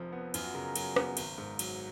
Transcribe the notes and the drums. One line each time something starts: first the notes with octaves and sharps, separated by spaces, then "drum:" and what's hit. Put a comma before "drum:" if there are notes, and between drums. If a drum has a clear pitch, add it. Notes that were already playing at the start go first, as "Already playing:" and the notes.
Already playing: F1 F2 F3 A#4
B3
F#2 F4, drum: cymbal
F#4
C#3 A#4
A#4
F#3 A#4, drum: cymbal
B3, drum: rim click
G#1, drum: cymbal
G#2
F#3, drum: cymbal